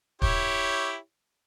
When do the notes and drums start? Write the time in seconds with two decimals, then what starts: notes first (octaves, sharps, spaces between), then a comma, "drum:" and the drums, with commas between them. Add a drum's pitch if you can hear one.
0.22 E4 G4 C#5, drum: kick